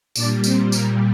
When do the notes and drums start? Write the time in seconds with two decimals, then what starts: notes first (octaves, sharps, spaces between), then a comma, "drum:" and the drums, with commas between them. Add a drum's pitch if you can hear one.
0.16 A#2 G3 D4 D5, drum: tambourine
0.44 C4 C5, drum: tambourine
0.72 A#3 A#4, drum: tambourine